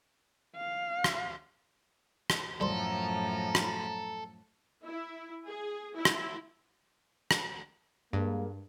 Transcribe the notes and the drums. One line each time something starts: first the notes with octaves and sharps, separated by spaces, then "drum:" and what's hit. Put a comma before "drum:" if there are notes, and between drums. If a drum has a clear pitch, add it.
F5
drum: rim click
drum: rim click
F#2 A2 F3 G3 A4 C5 A#5
drum: rim click
E4
G#4
E4
drum: rim click
drum: rim click
G2 G3 G#3 A#3